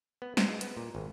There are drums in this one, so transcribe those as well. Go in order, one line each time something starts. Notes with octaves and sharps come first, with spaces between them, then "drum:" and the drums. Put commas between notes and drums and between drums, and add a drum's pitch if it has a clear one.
B3
C5, drum: snare
G#3
B3, drum: hi-hat
A#2
G#1